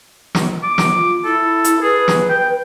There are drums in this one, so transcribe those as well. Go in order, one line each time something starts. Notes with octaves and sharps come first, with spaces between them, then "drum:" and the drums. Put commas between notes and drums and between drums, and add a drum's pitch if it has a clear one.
drum: snare
D6
drum: snare
F4
E4 A4
drum: hi-hat
G#4 B4
drum: snare
G5